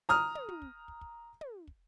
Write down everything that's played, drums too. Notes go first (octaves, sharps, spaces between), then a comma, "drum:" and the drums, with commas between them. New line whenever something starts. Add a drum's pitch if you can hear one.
A#5 D#6 F6
drum: tom
drum: tom
drum: kick
drum: kick
drum: kick
drum: tom
drum: kick